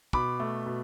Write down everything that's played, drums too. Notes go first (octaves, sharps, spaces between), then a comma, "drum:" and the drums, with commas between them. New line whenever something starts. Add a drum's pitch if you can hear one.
B2 B5 D6, drum: kick
A3
B2